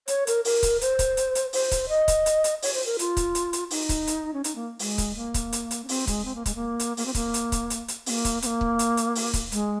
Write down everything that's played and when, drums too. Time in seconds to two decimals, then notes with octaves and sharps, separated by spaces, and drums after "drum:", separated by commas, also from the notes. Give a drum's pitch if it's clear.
0.08 C#5, drum: hi-hat
0.27 A#4, drum: hi-hat
0.45 A#4, drum: open hi-hat
0.63 drum: kick C#1, hi-hat
0.81 C5, drum: hi-hat
0.99 drum: kick C#1, hi-hat
1.17 drum: hi-hat
1.35 drum: hi-hat
1.53 C5, drum: open hi-hat
1.71 drum: kick C#1, hi-hat
1.89 D#5
2.08 drum: kick C#1, hi-hat
2.26 drum: hi-hat
2.44 drum: hi-hat
2.62 C#5, drum: open hi-hat
2.74 C5
2.86 A#4
2.99 F4, drum: hi-hat
3.17 drum: kick C#1, hi-hat
3.35 drum: hi-hat
3.53 drum: hi-hat
3.71 D#4, drum: open hi-hat
3.89 drum: kick C#1, hi-hat
4.07 drum: hi-hat
4.34 C#4
4.44 D#4, drum: hi-hat
4.55 A#3
4.79 G#3, drum: open hi-hat
4.98 drum: kick C#1, hi-hat
5.16 A#3
5.34 drum: kick C#1, hi-hat
5.52 drum: hi-hat
5.71 drum: hi-hat
5.84 C#4
5.89 C4, drum: open hi-hat
6.07 G#3, drum: kick C#1, hi-hat
6.25 C4
6.35 A#3
6.46 G#3, drum: kick C#1, hi-hat
6.55 A#3
6.79 drum: hi-hat
6.97 A#3, drum: open hi-hat
7.06 C4
7.15 A#3, drum: kick C#1, hi-hat
7.34 drum: hi-hat
7.52 drum: kick C#1, hi-hat
7.70 drum: hi-hat
7.88 drum: hi-hat
8.06 C4, drum: open hi-hat
8.10 A#3
8.25 drum: kick C#1, hi-hat
8.42 C4, drum: hi-hat
8.46 A#3
8.61 drum: kick C#1
8.79 drum: hi-hat
8.97 drum: hi-hat
9.15 drum: open hi-hat
9.33 drum: kick C#1, hi-hat
9.52 G#3, drum: hi-hat